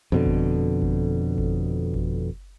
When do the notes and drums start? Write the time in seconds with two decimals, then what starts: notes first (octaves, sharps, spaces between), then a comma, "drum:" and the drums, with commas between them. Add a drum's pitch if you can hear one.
0.12 F2 B2 D3
0.26 drum: kick G1
0.82 drum: kick G1
1.38 drum: kick G1
1.94 drum: kick G1